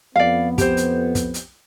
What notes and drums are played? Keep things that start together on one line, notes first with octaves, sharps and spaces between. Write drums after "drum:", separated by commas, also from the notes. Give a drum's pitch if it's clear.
F2 B3 D5 F5
G4 C5, drum: kick, hi-hat
drum: hi-hat
drum: kick, hi-hat
drum: hi-hat